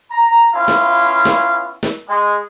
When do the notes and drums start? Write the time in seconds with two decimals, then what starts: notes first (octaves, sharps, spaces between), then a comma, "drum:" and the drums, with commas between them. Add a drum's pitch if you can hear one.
0.11 A#5
0.54 B3 C#4 E4 F4 F5
0.68 drum: snare
1.25 drum: snare
1.83 drum: snare
2.08 G#3